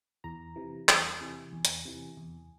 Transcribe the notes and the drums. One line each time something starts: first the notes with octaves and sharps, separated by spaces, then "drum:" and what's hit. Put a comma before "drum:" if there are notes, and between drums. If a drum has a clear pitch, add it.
E2 A#5
C3 E3
E2 G#5, drum: clap
C3 E3
E2
drum: hi-hat
C3 E3
E2